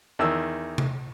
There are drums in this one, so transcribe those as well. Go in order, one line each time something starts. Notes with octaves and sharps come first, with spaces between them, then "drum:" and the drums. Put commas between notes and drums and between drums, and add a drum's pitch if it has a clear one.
E2 D#3 E6
drum: tom C3